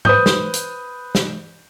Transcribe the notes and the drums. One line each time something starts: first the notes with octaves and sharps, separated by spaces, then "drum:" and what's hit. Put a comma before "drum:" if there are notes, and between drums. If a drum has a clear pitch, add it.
B4 C5 D#6 G6, drum: tom G#2
drum: snare
drum: hi-hat
drum: snare